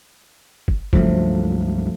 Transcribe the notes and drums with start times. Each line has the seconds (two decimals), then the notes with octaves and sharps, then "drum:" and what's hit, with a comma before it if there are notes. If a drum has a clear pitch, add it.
0.68 drum: kick
0.93 C#2 G2 F3 F#3 A3, drum: kick